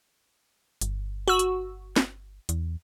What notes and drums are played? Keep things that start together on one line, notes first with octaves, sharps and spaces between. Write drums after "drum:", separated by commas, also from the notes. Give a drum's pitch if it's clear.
G1, drum: hi-hat
F#4 E6
drum: hi-hat
drum: snare
E2, drum: hi-hat